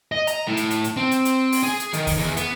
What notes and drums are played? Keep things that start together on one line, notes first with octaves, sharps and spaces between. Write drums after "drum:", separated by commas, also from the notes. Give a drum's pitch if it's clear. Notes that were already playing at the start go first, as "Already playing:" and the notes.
D#5
A#5, drum: hi-hat
A2
drum: hi-hat
drum: hi-hat
drum: hi-hat
C4
drum: hi-hat
drum: hi-hat
drum: open hi-hat
G#4
drum: hi-hat
D#3, drum: hi-hat
drum: kick, open hi-hat
E2
B3, drum: hi-hat